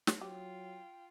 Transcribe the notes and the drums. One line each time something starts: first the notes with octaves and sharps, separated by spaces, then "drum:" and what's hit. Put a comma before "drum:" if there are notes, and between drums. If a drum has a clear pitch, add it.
drum: snare
F#3 F4 G4 G5